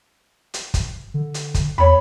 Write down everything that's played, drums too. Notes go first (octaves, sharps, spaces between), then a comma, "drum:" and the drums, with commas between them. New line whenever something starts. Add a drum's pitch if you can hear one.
drum: hi-hat
drum: kick, hi-hat
D3
drum: hi-hat
drum: kick, hi-hat
E2 C#5 B5